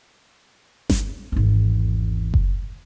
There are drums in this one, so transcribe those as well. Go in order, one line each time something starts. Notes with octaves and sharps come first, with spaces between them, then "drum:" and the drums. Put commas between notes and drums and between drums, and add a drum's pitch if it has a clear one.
drum: snare G1
G#1 E2
drum: kick F#1